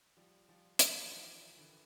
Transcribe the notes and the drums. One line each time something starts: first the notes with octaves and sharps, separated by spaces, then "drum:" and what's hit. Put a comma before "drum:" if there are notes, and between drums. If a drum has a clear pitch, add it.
F3 G3
F3 G3
E3 F#3, drum: hi-hat
D#3 F3
D3 E3